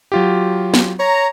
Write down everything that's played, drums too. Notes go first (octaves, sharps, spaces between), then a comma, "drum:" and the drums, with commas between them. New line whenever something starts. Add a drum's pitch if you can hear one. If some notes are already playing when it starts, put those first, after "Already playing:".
F#3 F4 G4
drum: snare
C#5 A#5